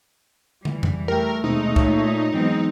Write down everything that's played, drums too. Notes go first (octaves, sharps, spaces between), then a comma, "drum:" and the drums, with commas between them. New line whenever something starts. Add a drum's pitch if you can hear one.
E3 G3, drum: tom
drum: tom F2
A3 G4 A#4 G5
D#2 B2 G#3 C4 D#4
A#2 F4 C#5, drum: kick
G#2 E3 F#3 B3 C4